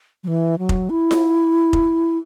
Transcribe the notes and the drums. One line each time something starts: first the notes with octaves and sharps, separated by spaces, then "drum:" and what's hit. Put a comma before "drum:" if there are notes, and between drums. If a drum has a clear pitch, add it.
F#3
E3
F#3
drum: kick F1
E4
drum: snare F4
drum: kick F1